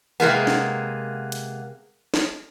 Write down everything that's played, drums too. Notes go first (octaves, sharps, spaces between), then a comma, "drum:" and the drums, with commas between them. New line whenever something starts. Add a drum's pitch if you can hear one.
C3 G#3 A#3 B3
drum: snare
drum: hi-hat
drum: snare